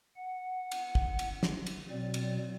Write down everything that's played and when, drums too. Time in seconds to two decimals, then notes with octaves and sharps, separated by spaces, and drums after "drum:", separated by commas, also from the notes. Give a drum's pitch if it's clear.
0.16 F#5
0.71 drum: cymbal
0.95 drum: kick
1.19 drum: cymbal
1.43 drum: snare
1.66 drum: cymbal
1.90 B2 F#3 C4 D5
2.14 drum: cymbal